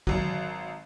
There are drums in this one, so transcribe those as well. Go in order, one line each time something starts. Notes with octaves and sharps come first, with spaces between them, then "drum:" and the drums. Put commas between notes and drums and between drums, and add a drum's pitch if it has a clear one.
G#1 F#3, drum: kick